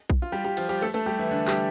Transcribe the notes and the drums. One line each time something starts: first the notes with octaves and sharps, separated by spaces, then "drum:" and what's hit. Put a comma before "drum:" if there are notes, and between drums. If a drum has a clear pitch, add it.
drum: kick B1
F4
G3 G4
G3 G4
F3 F4, drum: cymbal
G3 G4
A3 A4
A3 A4
G3 G4
E3 E4
D3 D4
G3 G4, drum: clap